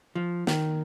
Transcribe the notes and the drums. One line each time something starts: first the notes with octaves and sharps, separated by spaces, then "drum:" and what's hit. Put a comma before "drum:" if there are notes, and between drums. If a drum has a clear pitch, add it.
F3
D#3, drum: snare